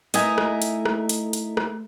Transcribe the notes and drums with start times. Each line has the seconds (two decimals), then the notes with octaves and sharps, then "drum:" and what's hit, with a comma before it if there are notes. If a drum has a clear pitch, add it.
0.14 A3 D#4 E4 A#4 D#5 E5 G#5, drum: hi-hat
0.38 drum: rim click
0.62 drum: hi-hat
0.86 drum: rim click
1.09 drum: hi-hat
1.33 drum: hi-hat
1.57 drum: rim click